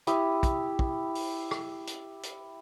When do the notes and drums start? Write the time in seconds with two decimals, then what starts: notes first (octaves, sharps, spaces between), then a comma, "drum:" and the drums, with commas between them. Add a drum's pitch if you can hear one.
0.07 E4 G4 D#6, drum: hi-hat
0.43 drum: kick, hi-hat
0.79 drum: kick
1.15 drum: open hi-hat
1.51 drum: rim click
1.87 drum: hi-hat
2.23 drum: hi-hat